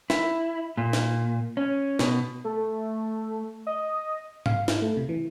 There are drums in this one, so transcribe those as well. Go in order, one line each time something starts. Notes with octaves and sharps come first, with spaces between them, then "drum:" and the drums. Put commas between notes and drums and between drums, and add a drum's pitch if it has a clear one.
E4, drum: snare
A#2
drum: snare
C#4
B2, drum: snare
A3
D#5
F5, drum: tom G#2
E4, drum: snare
A3
C3
E3